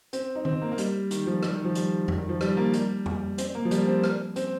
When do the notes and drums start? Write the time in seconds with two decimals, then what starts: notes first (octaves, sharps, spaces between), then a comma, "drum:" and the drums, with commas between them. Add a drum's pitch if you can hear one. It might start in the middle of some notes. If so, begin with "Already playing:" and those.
0.13 C4, drum: hi-hat
0.35 D#4
0.45 C4, drum: tom D#3
0.62 A#3
0.72 A#3
0.78 G3, drum: hi-hat
1.11 D#3, drum: hi-hat
1.27 F3
1.43 G3, drum: rim click
1.54 D#3
1.65 F3
1.75 G3, drum: hi-hat
2.08 drum: tom F2
2.18 D#3
2.29 F3
2.41 G3, drum: rim click
2.57 A#3
2.73 G3, drum: hi-hat
3.06 drum: tom F2
3.38 C4, drum: hi-hat
3.55 A#3
3.65 F3
3.71 G3, drum: hi-hat
3.87 C4
4.04 drum: rim click
4.36 C4, drum: hi-hat